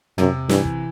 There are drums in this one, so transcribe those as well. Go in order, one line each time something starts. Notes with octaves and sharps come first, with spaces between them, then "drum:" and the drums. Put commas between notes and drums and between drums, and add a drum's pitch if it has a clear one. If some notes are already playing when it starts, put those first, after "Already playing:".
F#2 C3, drum: tom
G2 E3, drum: snare
drum: kick